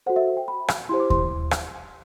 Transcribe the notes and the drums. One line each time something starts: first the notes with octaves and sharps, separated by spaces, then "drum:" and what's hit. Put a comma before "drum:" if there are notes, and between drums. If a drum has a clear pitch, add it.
F#4 A4 C5 F#5
E5
E5
G5
B5
drum: rim click
E4 G4 C5 C6
D6
C6, drum: kick D#2
drum: rim click